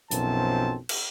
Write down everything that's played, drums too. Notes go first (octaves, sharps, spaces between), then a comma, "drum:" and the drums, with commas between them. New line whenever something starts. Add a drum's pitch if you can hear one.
B1 F#2 F3 C4 A5, drum: hi-hat
drum: cymbal